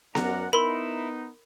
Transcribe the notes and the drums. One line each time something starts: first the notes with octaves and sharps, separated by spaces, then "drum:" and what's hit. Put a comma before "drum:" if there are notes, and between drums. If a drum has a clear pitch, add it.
F#2 A#4 D5 F#5 A#5, drum: snare B3
B3 D#4 E4 A#4 B5 C6 E6